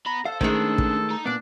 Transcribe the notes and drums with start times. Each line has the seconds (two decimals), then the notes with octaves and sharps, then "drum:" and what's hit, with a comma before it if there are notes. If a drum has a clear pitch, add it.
0.06 B3 A#5 B5
0.25 A4 C5 F5
0.41 D#3 G#3 A3 C#4 D4 C5, drum: kick
0.78 drum: kick
1.10 D#4 A#5
1.26 A#2 B3 D4 D5